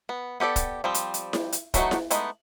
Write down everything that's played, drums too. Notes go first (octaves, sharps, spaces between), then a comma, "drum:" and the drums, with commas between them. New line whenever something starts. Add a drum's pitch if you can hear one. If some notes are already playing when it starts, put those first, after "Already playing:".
B3
B3 G4 A4 D5
drum: kick, hi-hat
F3 G3 C4
drum: hi-hat
drum: hi-hat
drum: snare E4
drum: hi-hat
E3 F#3 A3 D#4 F#4, drum: kick, hi-hat
drum: snare E4
G#3 A3 B3 D#4, drum: hi-hat